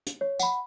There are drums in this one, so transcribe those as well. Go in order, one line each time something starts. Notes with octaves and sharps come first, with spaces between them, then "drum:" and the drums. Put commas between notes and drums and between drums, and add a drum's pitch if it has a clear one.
drum: hi-hat
C#5
F#5 B5, drum: tambourine